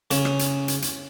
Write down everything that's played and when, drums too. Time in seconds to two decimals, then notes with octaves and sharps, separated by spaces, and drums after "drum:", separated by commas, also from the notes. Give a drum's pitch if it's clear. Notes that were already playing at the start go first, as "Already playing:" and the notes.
0.11 C#3, drum: hi-hat
0.25 drum: rim click
0.39 drum: hi-hat
0.68 drum: hi-hat
0.82 drum: hi-hat